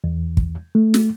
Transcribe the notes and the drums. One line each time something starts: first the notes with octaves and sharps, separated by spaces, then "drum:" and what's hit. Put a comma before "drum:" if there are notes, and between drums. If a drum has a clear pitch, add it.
E2
drum: kick
A3
drum: snare